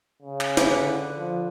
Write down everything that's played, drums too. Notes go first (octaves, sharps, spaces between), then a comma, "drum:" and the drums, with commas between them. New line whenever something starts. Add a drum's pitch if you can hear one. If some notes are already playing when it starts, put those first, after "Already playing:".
C#3
drum: clap
drum: snare
D3 B4 F#5
F3